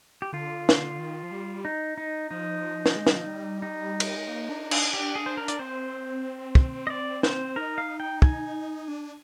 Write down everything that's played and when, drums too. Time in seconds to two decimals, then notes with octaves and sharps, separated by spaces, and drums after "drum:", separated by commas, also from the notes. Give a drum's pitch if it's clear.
0.22 G4
0.33 D3 F4
0.69 drum: snare
0.99 D#3
1.23 F3
1.31 G3
1.65 D#4
1.98 D#4
2.31 F3 D#4
2.86 drum: snare
2.96 G#3
3.07 G3, drum: snare
3.16 F3
3.26 G3
3.62 D#4
4.00 drum: cymbal
4.17 G#3
4.28 A#3
4.49 D4
4.71 D4, drum: cymbal
4.94 G4
5.15 G#4
5.26 C5
5.37 A#4
5.48 D5, drum: hi-hat
5.59 C4 C5
6.55 drum: kick
6.87 D#5
6.90 D5
7.23 C5, drum: snare
7.56 D#4 A#4
7.78 F5
8.00 G5
8.22 G#5, drum: kick
8.88 D4